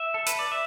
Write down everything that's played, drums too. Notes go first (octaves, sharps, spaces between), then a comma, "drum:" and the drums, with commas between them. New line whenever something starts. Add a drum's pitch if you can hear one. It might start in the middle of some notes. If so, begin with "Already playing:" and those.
Already playing: E5
A4
B4, drum: hi-hat
D5
E5